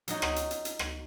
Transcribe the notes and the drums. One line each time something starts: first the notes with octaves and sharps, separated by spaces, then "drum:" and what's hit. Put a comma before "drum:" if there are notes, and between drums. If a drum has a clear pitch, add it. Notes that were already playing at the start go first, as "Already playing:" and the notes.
F#3 D#4, drum: hi-hat
drum: rim click
drum: hi-hat
drum: hi-hat
drum: hi-hat
drum: rim click